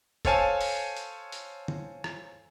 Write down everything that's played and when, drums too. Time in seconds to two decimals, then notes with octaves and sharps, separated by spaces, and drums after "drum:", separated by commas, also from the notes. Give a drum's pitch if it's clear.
0.25 A4 C5 C#5 F5 G#5 A5, drum: kick, hi-hat
0.61 drum: open hi-hat
0.96 drum: hi-hat
1.32 drum: hi-hat
1.68 drum: tom
2.04 drum: rim click